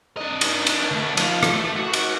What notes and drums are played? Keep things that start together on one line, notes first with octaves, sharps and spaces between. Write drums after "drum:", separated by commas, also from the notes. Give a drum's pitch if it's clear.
D4 D#5
drum: cymbal
drum: cymbal
D2 A3
F3, drum: cymbal
drum: rim click
A3
F#4
drum: cymbal